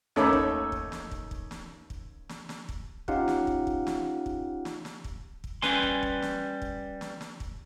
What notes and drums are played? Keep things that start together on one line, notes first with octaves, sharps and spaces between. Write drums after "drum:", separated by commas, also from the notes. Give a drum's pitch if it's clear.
D#2 A3 C#4 D#4 B5 D6, drum: snare
drum: kick
drum: kick
drum: snare
drum: kick
drum: kick
drum: snare
drum: kick
drum: snare
drum: snare
drum: kick
C#4 D#4 F4 G4 F5 F#5, drum: kick
drum: snare
drum: kick
drum: kick
drum: snare
drum: kick
drum: snare
drum: snare
drum: kick
drum: kick
G3 C#4 B4 G#5 C6, drum: snare
drum: kick
drum: kick
drum: snare
drum: kick
drum: snare
drum: snare
drum: kick